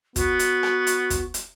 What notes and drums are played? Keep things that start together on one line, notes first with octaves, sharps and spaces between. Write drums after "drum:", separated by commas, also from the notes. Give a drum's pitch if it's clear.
B3 F#4, drum: kick, hi-hat
drum: hi-hat
drum: rim click
drum: hi-hat
drum: kick, hi-hat
drum: hi-hat